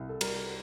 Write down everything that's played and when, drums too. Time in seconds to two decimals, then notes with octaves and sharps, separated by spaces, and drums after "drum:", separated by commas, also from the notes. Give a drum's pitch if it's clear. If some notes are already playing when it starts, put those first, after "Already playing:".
Already playing: C2
0.09 A4
0.21 G3 A#4, drum: cymbal